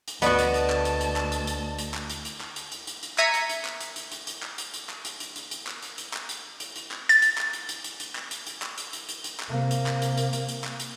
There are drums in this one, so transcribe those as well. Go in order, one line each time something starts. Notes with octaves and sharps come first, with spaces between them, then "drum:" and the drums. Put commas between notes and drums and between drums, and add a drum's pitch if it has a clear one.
drum: hi-hat
D2 B3 F#4 D5 D#5 A5, drum: hi-hat
drum: hi-hat
drum: hi-hat
drum: clap
drum: hi-hat
drum: hi-hat
drum: clap
drum: hi-hat
drum: hi-hat
drum: hi-hat
drum: clap
drum: hi-hat
drum: hi-hat
drum: clap
drum: hi-hat
drum: hi-hat
drum: hi-hat
drum: hi-hat
E5 A#5 G#6 B6 C#7 D#7, drum: clap
drum: hi-hat
drum: hi-hat
drum: clap
drum: hi-hat
drum: hi-hat
drum: hi-hat
drum: hi-hat
drum: clap
drum: hi-hat
drum: hi-hat
drum: clap
drum: hi-hat
drum: hi-hat
drum: hi-hat
drum: hi-hat
drum: clap
drum: hi-hat
drum: hi-hat
drum: clap
drum: hi-hat
drum: hi-hat
drum: hi-hat
drum: clap
A6, drum: hi-hat
drum: hi-hat
drum: clap
drum: hi-hat
drum: hi-hat
drum: hi-hat
drum: hi-hat
drum: clap
drum: hi-hat
drum: hi-hat
drum: clap
drum: hi-hat
drum: hi-hat
drum: hi-hat
drum: hi-hat
drum: clap
C3 A#3
drum: hi-hat
drum: clap
drum: hi-hat
drum: hi-hat
drum: hi-hat
drum: hi-hat
drum: clap
drum: hi-hat